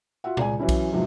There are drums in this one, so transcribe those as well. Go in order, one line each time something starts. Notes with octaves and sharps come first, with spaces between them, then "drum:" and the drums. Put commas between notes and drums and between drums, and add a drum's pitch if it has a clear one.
F4 F#4 E5 F#5
C#2 D5 G#5, drum: tom A#2
E3 F#3 C#4 E4
drum: kick B1, cymbal
E2 G#2 C3 F3 F#3